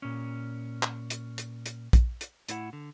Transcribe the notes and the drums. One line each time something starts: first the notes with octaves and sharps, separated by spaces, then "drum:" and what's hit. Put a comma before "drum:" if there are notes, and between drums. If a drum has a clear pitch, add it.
A#2 C#4
drum: clap
drum: hi-hat
drum: hi-hat
drum: hi-hat
drum: kick A#1, hi-hat
drum: hi-hat
A2 E4 F#5, drum: hi-hat
D3